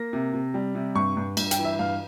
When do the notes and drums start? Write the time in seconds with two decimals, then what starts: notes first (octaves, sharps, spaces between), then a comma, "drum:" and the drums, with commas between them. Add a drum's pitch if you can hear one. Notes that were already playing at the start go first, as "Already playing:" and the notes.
Already playing: A#3 A#6
0.13 C3
0.34 C3
0.54 G3
0.75 C3
0.95 G2 C#6
1.17 G2
1.37 G2, drum: cymbal
1.51 G5, drum: hi-hat
1.59 E3
1.65 E5
1.79 G2 F5